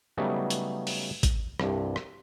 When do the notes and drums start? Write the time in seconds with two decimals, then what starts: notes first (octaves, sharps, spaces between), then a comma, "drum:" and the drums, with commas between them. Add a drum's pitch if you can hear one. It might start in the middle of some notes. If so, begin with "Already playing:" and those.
0.17 C#3 F#3 G3 A3 B3 D#4
0.50 drum: hi-hat
0.87 drum: open hi-hat
1.23 drum: kick, hi-hat
1.60 C2 G2, drum: rim click
1.96 drum: rim click